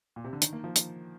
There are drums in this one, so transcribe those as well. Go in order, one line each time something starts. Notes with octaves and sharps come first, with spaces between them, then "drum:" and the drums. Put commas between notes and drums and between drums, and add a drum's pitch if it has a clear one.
A#2
C3
D3
D#3, drum: hi-hat
A#3
F3
drum: hi-hat